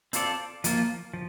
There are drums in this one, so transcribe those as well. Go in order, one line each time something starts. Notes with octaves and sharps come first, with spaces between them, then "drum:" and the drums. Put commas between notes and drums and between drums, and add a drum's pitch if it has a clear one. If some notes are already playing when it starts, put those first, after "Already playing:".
C4 F4 A4 D5, drum: hi-hat
F3 A#3 F4, drum: hi-hat
F3